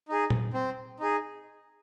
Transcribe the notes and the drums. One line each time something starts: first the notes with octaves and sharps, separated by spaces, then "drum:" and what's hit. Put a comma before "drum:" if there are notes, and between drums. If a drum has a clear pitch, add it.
D#4 G#4
drum: tom A#2
C4
D#4 G#4